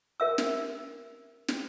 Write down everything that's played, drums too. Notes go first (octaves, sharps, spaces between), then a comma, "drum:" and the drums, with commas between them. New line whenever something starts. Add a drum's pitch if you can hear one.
A#4 E5 E6
drum: snare
drum: snare